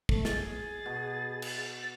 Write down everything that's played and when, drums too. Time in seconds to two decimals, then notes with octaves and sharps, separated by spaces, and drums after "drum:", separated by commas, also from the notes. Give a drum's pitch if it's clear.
0.09 A3, drum: kick
0.25 G#4 A6, drum: snare
0.86 B2
1.42 drum: cymbal